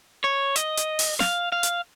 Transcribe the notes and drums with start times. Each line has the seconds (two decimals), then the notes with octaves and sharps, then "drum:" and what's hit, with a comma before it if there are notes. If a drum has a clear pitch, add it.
0.24 C#5
0.56 D#5, drum: hi-hat
0.77 drum: hi-hat
0.99 drum: open hi-hat
1.20 F5, drum: snare
1.52 F5
1.63 drum: hi-hat